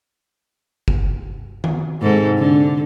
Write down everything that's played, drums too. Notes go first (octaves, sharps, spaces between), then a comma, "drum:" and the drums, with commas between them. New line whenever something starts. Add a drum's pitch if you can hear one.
drum: kick F#1
drum: tom D#3
G#2 C3 A4
D3